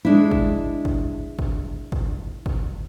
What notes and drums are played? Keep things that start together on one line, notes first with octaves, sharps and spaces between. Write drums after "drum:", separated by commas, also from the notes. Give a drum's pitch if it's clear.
G#3 D4 E4
drum: kick
drum: kick
drum: kick
drum: kick
drum: kick